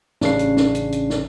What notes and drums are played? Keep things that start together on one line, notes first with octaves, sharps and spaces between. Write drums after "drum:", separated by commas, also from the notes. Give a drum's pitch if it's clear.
A1 C#3 D4 C7, drum: snare
drum: hi-hat
drum: snare
drum: hi-hat
drum: hi-hat
drum: snare